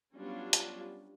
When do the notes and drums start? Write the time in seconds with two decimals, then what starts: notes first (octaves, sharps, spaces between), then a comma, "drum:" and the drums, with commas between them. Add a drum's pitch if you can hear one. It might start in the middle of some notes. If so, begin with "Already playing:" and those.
0.16 F#3 G3 B3 C#4 D4 F4
0.53 drum: hi-hat